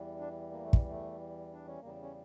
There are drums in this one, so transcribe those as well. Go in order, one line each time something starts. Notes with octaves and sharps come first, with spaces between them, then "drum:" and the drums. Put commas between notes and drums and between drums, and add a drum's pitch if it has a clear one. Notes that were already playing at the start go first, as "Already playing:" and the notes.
Already playing: E2 E3 G3
D4
A#3
A3
drum: kick
A3
D4
C#4
E2 C#3 G3 A#3
C#4